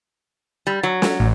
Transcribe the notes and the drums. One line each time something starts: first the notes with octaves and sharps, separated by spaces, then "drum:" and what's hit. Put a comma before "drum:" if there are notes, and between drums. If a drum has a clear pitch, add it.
G3
F#3
drum: snare
A1